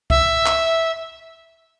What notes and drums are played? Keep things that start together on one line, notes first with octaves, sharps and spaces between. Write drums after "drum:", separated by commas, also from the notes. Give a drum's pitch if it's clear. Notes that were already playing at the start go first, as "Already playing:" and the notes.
E5, drum: kick C#2
drum: clap